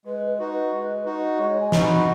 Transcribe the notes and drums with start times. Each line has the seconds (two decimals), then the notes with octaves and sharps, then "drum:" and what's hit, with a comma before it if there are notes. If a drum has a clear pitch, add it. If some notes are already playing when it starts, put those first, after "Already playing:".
0.05 G#3 B4
0.27 B4
0.39 D#4 F#4
0.50 B4
0.72 G#3
1.05 D#4 F#4
1.38 G#3 C#5
1.61 G#5
1.72 D#4 F#4, drum: snare
1.84 B5